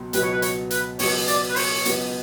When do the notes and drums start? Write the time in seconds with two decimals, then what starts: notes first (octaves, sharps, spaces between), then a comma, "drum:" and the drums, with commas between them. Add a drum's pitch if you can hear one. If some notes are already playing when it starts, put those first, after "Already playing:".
Already playing: C#2 B2 F#3
0.13 C#2 B2 F#3 B3 B4, drum: hi-hat
0.23 C#5
0.32 B4
0.42 C#5, drum: hi-hat
0.71 B4, drum: hi-hat
0.99 C#2 B2 F#3 B3 C#5, drum: open hi-hat
1.28 D5, drum: hi-hat
1.50 B4
1.56 C#5, drum: open hi-hat
1.85 C#2 B2 F#3 B3, drum: hi-hat